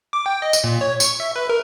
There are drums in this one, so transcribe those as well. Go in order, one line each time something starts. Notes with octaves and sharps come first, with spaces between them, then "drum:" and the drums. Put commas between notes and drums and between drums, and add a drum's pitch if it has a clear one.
D6
G5
D#5
drum: tambourine
A#2
C#5
C#6, drum: tambourine
E5
B4
A#4